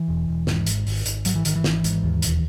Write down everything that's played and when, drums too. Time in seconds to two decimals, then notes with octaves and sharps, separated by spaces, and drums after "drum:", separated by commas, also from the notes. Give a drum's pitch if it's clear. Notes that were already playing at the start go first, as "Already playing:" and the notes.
Already playing: E3
0.08 E1
0.28 E1
0.47 G#2, drum: snare
0.66 G#1, drum: hi-hat
0.87 G#1, drum: open hi-hat
1.06 G#1, drum: hi-hat
1.25 G#2 F#3, drum: hi-hat
1.36 E3
1.45 G#1 D#3, drum: hi-hat
1.56 E3
1.64 G#1, drum: snare
1.84 G#2, drum: hi-hat
2.04 D#2
2.22 E1, drum: hi-hat